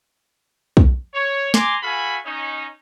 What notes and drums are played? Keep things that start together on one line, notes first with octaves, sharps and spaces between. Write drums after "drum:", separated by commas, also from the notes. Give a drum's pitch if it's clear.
drum: kick
C#5
G#5 A#5 C6 D6, drum: snare
F#4 A4 F5 G#5 B5
C#4 D#4